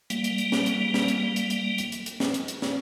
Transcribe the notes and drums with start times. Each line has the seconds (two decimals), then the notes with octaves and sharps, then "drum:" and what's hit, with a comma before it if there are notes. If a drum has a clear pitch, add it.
0.10 G3 A#3, drum: hi-hat
0.24 drum: hi-hat
0.38 drum: hi-hat
0.52 drum: snare
0.66 drum: hi-hat
0.94 drum: snare
1.08 drum: hi-hat
1.36 drum: hi-hat
1.50 drum: hi-hat
1.78 drum: hi-hat
1.92 drum: hi-hat
2.06 drum: hi-hat
2.20 drum: snare
2.34 drum: hi-hat
2.48 drum: hi-hat
2.62 drum: snare